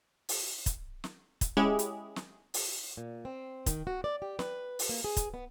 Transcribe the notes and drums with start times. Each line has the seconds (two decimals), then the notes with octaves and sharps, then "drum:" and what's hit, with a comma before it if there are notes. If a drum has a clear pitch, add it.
0.29 drum: open hi-hat
0.66 drum: kick, hi-hat
1.04 drum: snare
1.41 drum: kick, hi-hat
1.57 G#3 C#4 E4 G4 G#4
1.79 drum: hi-hat
2.16 drum: snare
2.54 drum: open hi-hat
2.97 A#2
3.25 C4
3.66 D#3, drum: kick, hi-hat
3.87 F#4
4.04 D5
4.22 G4
4.39 B4, drum: snare
4.79 drum: open hi-hat
4.89 A#3
5.04 G#4
5.17 drum: kick, hi-hat
5.34 B3